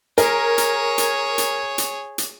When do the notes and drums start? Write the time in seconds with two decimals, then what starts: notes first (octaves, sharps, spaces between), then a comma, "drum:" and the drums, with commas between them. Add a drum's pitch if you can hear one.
0.18 G#4 A#4 C#5, drum: hi-hat
0.58 drum: hi-hat
0.98 drum: hi-hat
1.38 drum: hi-hat
1.78 drum: hi-hat
2.18 drum: hi-hat